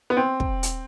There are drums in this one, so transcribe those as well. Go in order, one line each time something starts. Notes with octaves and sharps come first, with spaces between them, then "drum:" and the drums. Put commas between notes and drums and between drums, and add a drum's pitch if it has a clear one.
B3
C4
drum: kick
drum: hi-hat